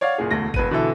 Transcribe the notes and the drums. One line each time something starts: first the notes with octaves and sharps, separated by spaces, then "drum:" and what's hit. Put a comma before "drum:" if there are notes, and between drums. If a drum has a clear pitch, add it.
C#5 D5 F5 F#5
F#1 A#2 G#4
E1 D2 A#6
E1 B4 D#7, drum: kick G1
B2 D3 E3 A4 E5